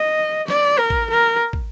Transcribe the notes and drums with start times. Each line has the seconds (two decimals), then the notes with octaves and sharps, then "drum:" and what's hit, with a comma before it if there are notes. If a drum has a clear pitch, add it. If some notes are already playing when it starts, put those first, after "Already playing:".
Already playing: D#5
0.48 D5, drum: snare
0.79 A#4
0.90 drum: kick
1.11 A#4
1.53 drum: kick